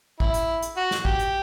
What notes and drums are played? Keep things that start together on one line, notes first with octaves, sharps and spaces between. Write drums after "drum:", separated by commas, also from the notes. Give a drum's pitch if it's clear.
E4, drum: kick
drum: hi-hat
drum: hi-hat
F#4
drum: snare
G4, drum: kick
drum: hi-hat